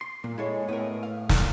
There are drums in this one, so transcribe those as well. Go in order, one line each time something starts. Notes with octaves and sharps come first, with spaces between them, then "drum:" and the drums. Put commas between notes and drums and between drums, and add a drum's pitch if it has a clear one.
C6
A#2 A#3
G#3 E4 A4 C#5
A2 B3 A#4
F5
drum: snare